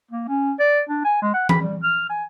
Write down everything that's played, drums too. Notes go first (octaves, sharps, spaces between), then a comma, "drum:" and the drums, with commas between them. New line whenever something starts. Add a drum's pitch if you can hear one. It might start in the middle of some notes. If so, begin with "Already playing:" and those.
A#3
C#4
D5
D4
G#5
G#3
F#5
B5, drum: tom E3
G3
F6
G#5